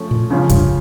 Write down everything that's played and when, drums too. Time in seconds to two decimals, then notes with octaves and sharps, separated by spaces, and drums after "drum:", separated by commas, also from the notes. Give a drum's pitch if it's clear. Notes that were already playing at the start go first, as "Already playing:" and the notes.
Already playing: F3 A3 C#4
0.11 A#2
0.30 C#3 F3 C#4 F4
0.49 G2, drum: kick, hi-hat